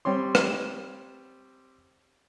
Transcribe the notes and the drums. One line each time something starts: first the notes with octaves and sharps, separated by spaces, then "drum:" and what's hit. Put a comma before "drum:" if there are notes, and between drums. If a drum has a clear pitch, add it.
G3 C4 C#5 C6
drum: rim click